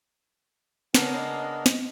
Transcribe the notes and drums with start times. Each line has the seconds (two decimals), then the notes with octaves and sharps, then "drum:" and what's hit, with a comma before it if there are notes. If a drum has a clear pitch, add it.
0.94 C#3 G#3 A#3 B3 D4 A#4 B4, drum: snare
1.15 D#5
1.66 drum: snare